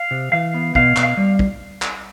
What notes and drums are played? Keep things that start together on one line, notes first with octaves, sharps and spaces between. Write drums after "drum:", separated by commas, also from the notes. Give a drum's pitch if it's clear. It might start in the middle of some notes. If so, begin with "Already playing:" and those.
Already playing: F5
C3
E3 F5
B3
B2 F5, drum: kick
B2, drum: clap
F5
G3
drum: kick
drum: clap